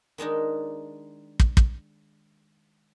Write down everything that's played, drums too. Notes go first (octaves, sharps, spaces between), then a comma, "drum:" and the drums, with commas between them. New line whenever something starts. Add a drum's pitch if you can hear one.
D#3 G#3 D4 D#4
drum: kick
drum: kick